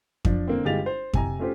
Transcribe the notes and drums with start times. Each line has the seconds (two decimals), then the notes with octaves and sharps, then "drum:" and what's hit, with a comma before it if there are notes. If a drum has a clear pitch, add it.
0.25 F3 D4, drum: kick F2
0.48 D3 A#3 C4
0.65 G1 G#3 G4 F5 A6 F7
0.86 C5
1.13 C3 G#5 A#5, drum: kick F2
1.39 A3 C#4 F4 G4 C5